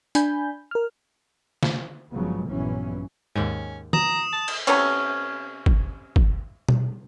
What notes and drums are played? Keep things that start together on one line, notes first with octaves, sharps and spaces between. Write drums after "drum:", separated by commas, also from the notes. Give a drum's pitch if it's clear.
D4 G#5 B5 G6, drum: hi-hat
A#4 F6
drum: snare
G1 C#3 F3 F#3 G#3 B3
A#1 G2 E3 F#3 B3 C#4
D#2 G#2 C#4
A#5 D#6 E7, drum: tom D#3
A5
drum: cymbal
C3 A3 B3 C#4, drum: cymbal
drum: kick
drum: kick
drum: tom B2